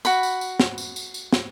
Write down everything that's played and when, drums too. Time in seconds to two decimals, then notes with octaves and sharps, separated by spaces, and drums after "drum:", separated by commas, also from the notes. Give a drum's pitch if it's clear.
0.05 F#4 B5, drum: tambourine
0.23 drum: tambourine
0.41 drum: tambourine
0.60 drum: snare
0.78 drum: tambourine
0.96 drum: tambourine
1.14 drum: tambourine
1.33 drum: snare